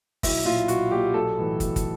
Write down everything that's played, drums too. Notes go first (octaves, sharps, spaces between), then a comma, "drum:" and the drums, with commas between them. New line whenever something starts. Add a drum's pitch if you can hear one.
B1 E4, drum: kick, open hi-hat
A#2 F4
B1 F#4, drum: hi-hat
A#2 G4
B1 A4
A2 E3
B1, drum: kick, hi-hat
drum: kick, hi-hat